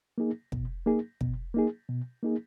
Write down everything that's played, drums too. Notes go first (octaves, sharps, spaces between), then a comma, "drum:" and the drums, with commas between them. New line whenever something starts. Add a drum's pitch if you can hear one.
A#3 D#4 G#4
B2, drum: kick
A#3 D#4 G#4
B2, drum: kick
A#3 D#4 G#4
B2
A#3 D#4 G#4